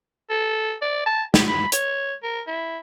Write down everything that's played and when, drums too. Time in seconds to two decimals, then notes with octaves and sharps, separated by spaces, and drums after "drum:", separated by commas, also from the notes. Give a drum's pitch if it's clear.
0.30 A4
0.81 D5
1.06 A5
1.34 G4, drum: snare
1.48 B5
1.72 C#5, drum: hi-hat
2.23 A#4
2.47 E4